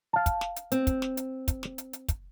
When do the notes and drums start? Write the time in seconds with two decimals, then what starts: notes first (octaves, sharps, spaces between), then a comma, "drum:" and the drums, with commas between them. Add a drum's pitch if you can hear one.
0.13 F5 A5
0.26 drum: kick, hi-hat
0.41 drum: snare
0.56 drum: hi-hat
0.72 C4, drum: hi-hat
0.87 drum: kick, hi-hat
1.02 drum: snare
1.17 drum: hi-hat
1.48 drum: kick, hi-hat
1.63 drum: snare
1.78 drum: hi-hat
1.93 drum: hi-hat
2.08 drum: kick, hi-hat